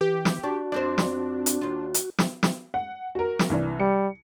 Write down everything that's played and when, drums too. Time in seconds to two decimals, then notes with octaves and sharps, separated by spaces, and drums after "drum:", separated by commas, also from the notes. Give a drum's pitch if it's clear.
0.01 E3 G4
0.25 drum: snare
0.44 D4 F#4
0.72 F2 C4 D4 C5
0.98 drum: snare
1.46 drum: hi-hat
1.61 D#2 F4
1.94 drum: hi-hat
2.19 drum: snare
2.43 drum: snare
2.74 F#5
3.15 F#4 A#4
3.39 drum: snare
3.50 C2 E3 D4
3.80 G3 C#7